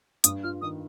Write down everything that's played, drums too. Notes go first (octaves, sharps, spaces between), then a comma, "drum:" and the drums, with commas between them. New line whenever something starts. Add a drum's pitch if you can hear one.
G2 D#6, drum: hi-hat
F4 F6
D#3 D#6